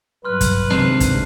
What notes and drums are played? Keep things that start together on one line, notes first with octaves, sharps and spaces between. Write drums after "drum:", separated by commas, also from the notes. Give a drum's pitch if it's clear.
G2 F#3 B4 C6 F6 F#6
drum: kick, hi-hat
C3 D#3 G#3 C4 D4 C7, drum: snare
drum: kick, hi-hat